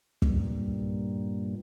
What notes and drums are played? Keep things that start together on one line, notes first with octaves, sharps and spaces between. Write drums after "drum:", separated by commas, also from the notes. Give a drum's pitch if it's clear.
G2 A#2, drum: kick